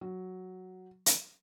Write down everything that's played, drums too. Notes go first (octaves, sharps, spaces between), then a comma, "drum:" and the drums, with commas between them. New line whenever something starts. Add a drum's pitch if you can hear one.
F#3
drum: hi-hat